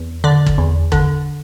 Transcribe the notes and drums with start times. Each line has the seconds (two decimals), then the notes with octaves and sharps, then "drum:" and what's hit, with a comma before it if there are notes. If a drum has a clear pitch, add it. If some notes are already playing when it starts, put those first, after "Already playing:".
Already playing: E2
0.24 D3 D5
0.46 drum: kick
0.58 E2
0.92 D3, drum: kick